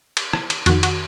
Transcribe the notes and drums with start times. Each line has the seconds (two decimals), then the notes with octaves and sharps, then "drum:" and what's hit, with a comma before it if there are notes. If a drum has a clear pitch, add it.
0.17 drum: cymbal
0.33 drum: rim click
0.50 drum: cymbal
0.66 F2 D#3 F#4, drum: cymbal
0.83 F#4, drum: cymbal